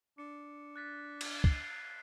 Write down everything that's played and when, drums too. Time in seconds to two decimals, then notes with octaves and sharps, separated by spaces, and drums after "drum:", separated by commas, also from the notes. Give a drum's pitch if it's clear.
0.18 D4 C#7
0.76 F#6 A6 B6
1.21 drum: cymbal
1.44 C7, drum: kick